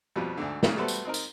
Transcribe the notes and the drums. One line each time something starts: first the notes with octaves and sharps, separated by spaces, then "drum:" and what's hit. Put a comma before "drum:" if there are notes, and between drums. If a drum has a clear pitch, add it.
F2 B2 F3 G3
D2 G#2 D3
F2 A#2 C#3, drum: snare
G3 A3 B3 F#4 A4 C5
drum: tambourine
C4 D#4 A#4
drum: tambourine